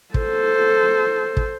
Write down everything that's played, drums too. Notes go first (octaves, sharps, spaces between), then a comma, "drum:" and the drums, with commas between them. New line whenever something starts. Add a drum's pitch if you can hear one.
A4 C5, drum: kick
drum: kick